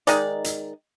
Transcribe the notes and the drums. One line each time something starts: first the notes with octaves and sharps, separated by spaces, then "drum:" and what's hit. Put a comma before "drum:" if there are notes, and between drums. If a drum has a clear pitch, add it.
D#3 G#3 D#4 D5, drum: hi-hat
drum: hi-hat